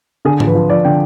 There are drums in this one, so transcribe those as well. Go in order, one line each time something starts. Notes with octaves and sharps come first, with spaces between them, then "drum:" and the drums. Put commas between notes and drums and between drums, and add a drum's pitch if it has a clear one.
D3 G#4
F3, drum: tom G#2
B4
F3
F3 D5
D3 G5